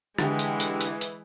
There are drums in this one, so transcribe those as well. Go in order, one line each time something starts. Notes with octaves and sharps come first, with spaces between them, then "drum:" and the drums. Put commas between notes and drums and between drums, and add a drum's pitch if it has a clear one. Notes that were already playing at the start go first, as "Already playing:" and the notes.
D3 E3 G#3 G4, drum: rim click
drum: hi-hat
drum: hi-hat
drum: hi-hat
drum: hi-hat